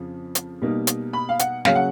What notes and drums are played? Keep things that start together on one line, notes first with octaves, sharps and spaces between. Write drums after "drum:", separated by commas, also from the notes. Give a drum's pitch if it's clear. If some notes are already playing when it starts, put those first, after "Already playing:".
Already playing: F2 C#3 F3
drum: hi-hat
B2 G3 A#3 D#4
drum: hi-hat
B5
F5
F#5, drum: hi-hat
C#3 F#3 A#3 C#4 F5, drum: snare
F#5